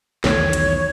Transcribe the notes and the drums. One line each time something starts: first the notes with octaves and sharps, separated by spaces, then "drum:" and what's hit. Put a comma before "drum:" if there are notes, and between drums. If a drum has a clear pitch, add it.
B1 E2 D#3 C#5, drum: snare
drum: hi-hat